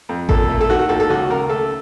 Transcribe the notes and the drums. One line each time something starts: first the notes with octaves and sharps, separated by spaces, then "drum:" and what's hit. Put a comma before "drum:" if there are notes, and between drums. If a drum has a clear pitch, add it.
F2
A#2 A4, drum: kick A1
A3
A4
D#3 F#4
F#4
D#2 A4
A4
C#2 F#4
C#2 A#4
A3 A4